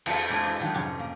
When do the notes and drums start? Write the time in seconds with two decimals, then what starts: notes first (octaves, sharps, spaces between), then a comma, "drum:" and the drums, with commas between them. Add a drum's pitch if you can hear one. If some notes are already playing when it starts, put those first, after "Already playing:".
0.06 F2 F3 C5 A5, drum: cymbal
0.30 G#3 D4 F4 C#5 G#5
0.44 E4 D5 D#5
0.59 D3 D#3 F3 F#3
0.74 F2 G#2 C3 C#4 G4 C6
0.99 A#3